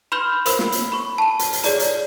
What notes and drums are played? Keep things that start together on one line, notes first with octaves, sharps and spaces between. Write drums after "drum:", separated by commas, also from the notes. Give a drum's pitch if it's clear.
B5 C6 F6 G6 E7 G7
A#4 C5 B5 E6, drum: hi-hat
drum: snare
drum: hi-hat
B5 C#6
A5 D#7
drum: hi-hat
drum: hi-hat
G#4 C#5 D5 A#5, drum: hi-hat
drum: hi-hat